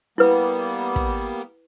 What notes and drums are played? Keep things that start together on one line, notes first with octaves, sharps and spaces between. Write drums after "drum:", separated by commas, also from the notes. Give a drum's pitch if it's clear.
G3 A#3 B3 E4 B4
drum: kick